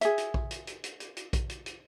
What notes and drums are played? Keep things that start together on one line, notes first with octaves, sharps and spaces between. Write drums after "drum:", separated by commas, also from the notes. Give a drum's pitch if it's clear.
G#4 E5, drum: hi-hat
drum: hi-hat
drum: kick A#1
drum: hi-hat
drum: hi-hat
drum: hi-hat
drum: hi-hat
drum: hi-hat
drum: kick A#1, hi-hat
drum: hi-hat
drum: hi-hat